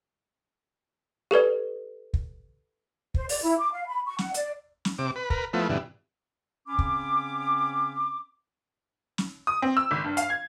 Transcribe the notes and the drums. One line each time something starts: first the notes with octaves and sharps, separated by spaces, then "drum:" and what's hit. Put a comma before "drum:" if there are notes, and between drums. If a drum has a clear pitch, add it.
G4 A4 B4 D5
drum: kick
C5, drum: kick
D5, drum: open hi-hat
E4
D6
F5
B5
C#6
F#5, drum: snare
D5, drum: hi-hat
drum: snare
C3 D6
B4
A#4 B4, drum: kick
F3 A3 B3 E4
G2 B2 D3 E3
C#3 C4 C#4 B5 D6
drum: kick
drum: snare
D#6
C4
E6
G#1
G2
F5, drum: hi-hat
G#6